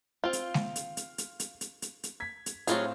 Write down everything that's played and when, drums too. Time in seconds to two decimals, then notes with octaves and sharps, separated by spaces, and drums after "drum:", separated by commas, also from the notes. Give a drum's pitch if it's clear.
0.24 C4 F4 F5
0.33 drum: hi-hat
0.54 drum: snare G#3
0.76 drum: hi-hat
0.97 drum: hi-hat
1.18 drum: hi-hat
1.40 drum: hi-hat
1.61 drum: hi-hat
1.82 drum: hi-hat
2.03 drum: hi-hat
2.20 G#6 B6
2.46 drum: hi-hat
2.67 A2 F#3 C4 F4 G#4 F5, drum: hi-hat